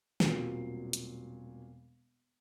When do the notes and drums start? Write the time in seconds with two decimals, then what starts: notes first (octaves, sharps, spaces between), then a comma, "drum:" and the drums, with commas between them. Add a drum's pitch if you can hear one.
0.20 E1 A#2 F#3 G3 C4 C7, drum: snare
0.93 drum: hi-hat